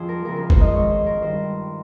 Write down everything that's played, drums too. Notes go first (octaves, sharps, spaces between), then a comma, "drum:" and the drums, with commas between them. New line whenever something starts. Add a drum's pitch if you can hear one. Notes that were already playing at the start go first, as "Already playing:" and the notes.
Already playing: F2 F3 F4 G#4 C5
A#4
F2 C#3 F3 A#4
A#4
C5, drum: kick G1
D#5
G#2 D#3 C#5
C5
A#4
G2 D#3 C5